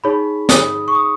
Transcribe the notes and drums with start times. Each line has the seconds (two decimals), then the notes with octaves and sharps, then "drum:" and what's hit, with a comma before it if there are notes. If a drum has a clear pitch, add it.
0.04 D#4 G#4 C#5 B5
0.49 D#6, drum: snare
0.88 C#6
0.95 D#6